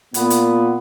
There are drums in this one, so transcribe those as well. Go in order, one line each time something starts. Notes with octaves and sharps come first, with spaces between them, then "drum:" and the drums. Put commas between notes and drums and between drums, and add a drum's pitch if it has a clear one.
A#2 B3, drum: hi-hat
drum: hi-hat